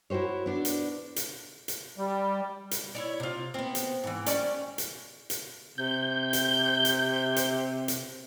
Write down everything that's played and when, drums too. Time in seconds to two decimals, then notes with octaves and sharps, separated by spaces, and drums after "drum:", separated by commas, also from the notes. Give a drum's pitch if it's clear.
0.10 E4 F#4 G4 C5 C#5
0.46 B3 D4
0.65 drum: hi-hat
1.16 drum: hi-hat
1.68 drum: hi-hat
1.98 G3
2.71 drum: hi-hat
2.95 E4 C#5 D5
3.20 C3 F4
3.54 B3 C4
3.75 drum: hi-hat
4.04 G#2 E3
4.26 G3 C#4 D5, drum: hi-hat
4.78 drum: hi-hat
5.30 drum: hi-hat
5.78 C3 G6
6.33 drum: hi-hat
6.85 drum: hi-hat
7.36 drum: hi-hat
7.88 drum: hi-hat